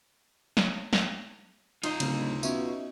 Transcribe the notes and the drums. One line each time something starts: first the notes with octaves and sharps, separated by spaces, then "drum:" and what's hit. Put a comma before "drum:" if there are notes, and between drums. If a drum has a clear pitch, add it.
drum: snare
drum: snare
C3 D#4 F4 D#5 C6, drum: cymbal
D1 C#3, drum: cymbal
B2 C#4 E5, drum: tambourine